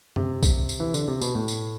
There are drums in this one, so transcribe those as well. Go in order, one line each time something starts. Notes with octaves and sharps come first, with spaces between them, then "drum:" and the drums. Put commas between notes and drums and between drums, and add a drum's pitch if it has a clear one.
C3, drum: tom F#2
drum: kick, tambourine
drum: tambourine
E3
D3, drum: tambourine
C3
B2, drum: tambourine
A2
drum: tambourine